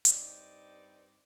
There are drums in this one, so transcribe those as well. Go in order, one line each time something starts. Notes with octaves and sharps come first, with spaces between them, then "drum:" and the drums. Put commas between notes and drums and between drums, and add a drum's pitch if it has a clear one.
G2 C4 D#4 D5, drum: hi-hat